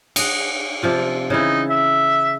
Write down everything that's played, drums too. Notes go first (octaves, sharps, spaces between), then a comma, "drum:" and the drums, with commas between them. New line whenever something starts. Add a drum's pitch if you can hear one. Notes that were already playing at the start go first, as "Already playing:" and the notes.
D#5 F#5, drum: cymbal
C3 F3 F4
C#3 E3 D#4 E4
E5